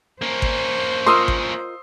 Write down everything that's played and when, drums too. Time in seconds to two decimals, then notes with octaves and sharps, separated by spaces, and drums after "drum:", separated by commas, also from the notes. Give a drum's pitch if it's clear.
0.22 A#3 C#4 C5
0.42 drum: kick G#1
1.06 F4 A#4 D#5 C6 D#6 E6
1.28 drum: kick G#1